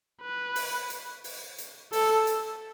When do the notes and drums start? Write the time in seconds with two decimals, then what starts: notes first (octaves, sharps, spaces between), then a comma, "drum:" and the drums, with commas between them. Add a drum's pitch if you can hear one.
0.22 B4
0.56 drum: open hi-hat
0.90 drum: hi-hat
1.24 drum: open hi-hat
1.58 drum: hi-hat
1.93 A4, drum: open hi-hat
2.27 drum: hi-hat